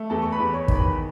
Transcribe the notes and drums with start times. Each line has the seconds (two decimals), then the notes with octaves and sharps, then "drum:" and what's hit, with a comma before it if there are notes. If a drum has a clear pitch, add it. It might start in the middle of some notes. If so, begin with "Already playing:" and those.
Already playing: A3
0.10 E2 A4 A5
0.22 C#6
0.32 B4 B5
0.40 E2
0.53 C#5 C#6
0.68 D#3, drum: kick
0.75 B4 B5